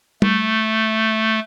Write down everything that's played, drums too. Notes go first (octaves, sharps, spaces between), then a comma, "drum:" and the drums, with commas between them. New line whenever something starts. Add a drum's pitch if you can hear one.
A3, drum: tom G3